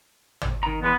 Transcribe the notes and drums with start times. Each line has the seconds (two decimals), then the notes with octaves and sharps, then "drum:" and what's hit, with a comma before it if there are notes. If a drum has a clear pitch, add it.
0.41 drum: tom
0.63 D#3 A#5
0.82 E2 G#3 B3 B4